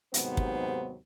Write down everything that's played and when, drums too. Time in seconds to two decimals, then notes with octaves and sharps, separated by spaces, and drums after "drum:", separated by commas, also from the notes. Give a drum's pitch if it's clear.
0.14 D#2 G#2 C3 F#3 B3 C5, drum: hi-hat
0.37 drum: kick